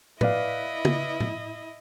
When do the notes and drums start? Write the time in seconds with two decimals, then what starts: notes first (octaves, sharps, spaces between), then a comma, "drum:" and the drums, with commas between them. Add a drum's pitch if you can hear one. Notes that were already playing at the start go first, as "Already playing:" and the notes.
0.21 E4 B4 D5 D#5 F5, drum: tom A2
0.85 drum: tom C#3
1.20 drum: tom A2